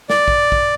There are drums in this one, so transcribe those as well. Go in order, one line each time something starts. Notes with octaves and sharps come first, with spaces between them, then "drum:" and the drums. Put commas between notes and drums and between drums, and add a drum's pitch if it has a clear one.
D5, drum: snare
drum: kick
drum: kick